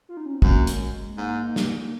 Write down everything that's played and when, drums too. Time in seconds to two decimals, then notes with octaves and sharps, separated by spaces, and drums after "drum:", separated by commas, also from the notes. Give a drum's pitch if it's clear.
0.09 F4
0.17 D#4
0.26 C#4
0.34 C4
0.42 F#2 A#3, drum: kick
0.55 A#3
0.67 G#3, drum: hi-hat
1.17 G#2 A#3
1.56 drum: snare
1.83 A#3